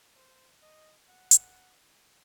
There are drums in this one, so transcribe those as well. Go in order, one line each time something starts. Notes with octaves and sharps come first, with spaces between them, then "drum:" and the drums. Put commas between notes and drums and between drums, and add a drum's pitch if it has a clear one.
C5
D#5
F#5
drum: hi-hat